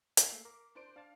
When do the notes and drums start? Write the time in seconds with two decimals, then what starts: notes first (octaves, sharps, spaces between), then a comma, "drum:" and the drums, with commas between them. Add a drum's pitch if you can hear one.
0.17 B6 C7, drum: hi-hat
0.32 A3 A#3 E6
0.45 A#4 D6
0.75 D4 C5 D7
0.96 D4 D5 F5 A5